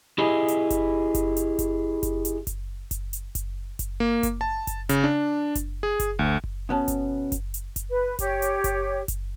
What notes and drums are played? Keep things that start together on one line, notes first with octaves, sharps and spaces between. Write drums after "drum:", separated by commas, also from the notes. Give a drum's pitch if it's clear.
E4 G4 G#4 D#5
drum: hi-hat
drum: kick F#1, hi-hat
drum: kick F#1, hi-hat
drum: hi-hat
drum: kick F#1, hi-hat
drum: kick F#1, hi-hat
drum: hi-hat
drum: kick F#1, hi-hat
drum: kick F#1, hi-hat
drum: hi-hat
drum: kick F#1, hi-hat
drum: kick F#1, hi-hat
A#3
drum: kick F#1, hi-hat
A5
drum: kick F#1, hi-hat
C#3, drum: hi-hat
D4
drum: kick F#1, hi-hat
G#4
drum: kick F#1, hi-hat
D2
drum: kick F#1
B2 B3 C#4 A5
drum: kick F#1, hi-hat
drum: kick F#1, hi-hat
drum: hi-hat
drum: kick F#1, hi-hat
B4
G4 C#5, drum: kick F#1, hi-hat
drum: hi-hat
drum: kick F#1, hi-hat
drum: kick F#1, hi-hat